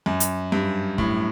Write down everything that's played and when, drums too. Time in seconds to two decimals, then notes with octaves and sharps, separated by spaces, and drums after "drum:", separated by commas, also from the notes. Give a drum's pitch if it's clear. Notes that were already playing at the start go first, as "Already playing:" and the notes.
0.06 F#2
0.20 drum: hi-hat
0.52 G2
0.98 A2, drum: kick